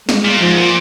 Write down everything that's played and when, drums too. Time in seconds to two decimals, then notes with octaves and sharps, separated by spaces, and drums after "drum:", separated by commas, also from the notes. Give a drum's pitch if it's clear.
0.09 G#3, drum: snare
0.25 A#2
0.40 G#2 F3
0.56 A#2